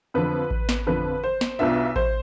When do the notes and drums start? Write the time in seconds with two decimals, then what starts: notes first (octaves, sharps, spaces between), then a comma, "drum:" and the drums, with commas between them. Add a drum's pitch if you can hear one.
0.14 F2 D3 F3 B4
0.51 drum: kick A1
0.69 drum: snare
0.87 F2 D3 F3 B4
1.24 C5
1.41 drum: snare
1.59 B1 B2 B3 D4 F4 E5
1.96 C5, drum: kick A1